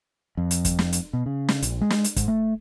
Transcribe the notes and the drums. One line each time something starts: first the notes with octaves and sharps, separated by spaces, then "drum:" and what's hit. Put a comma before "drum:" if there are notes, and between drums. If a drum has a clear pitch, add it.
F2
drum: hi-hat
drum: kick, hi-hat
drum: snare
drum: hi-hat
B2
C#3
drum: snare
A#1, drum: hi-hat
G#3
drum: snare
drum: hi-hat
G#2, drum: kick, hi-hat
A3